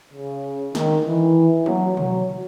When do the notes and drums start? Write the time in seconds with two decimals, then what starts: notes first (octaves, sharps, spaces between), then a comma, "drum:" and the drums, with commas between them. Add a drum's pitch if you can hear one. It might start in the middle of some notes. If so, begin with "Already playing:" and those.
0.13 C#3
0.75 D#3, drum: snare
1.06 E3
1.66 F#3, drum: tom G#3
1.97 F#3, drum: tom B2